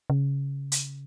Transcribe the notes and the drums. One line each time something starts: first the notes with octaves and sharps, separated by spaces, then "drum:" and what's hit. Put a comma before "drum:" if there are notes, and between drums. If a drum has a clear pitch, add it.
C#3
drum: hi-hat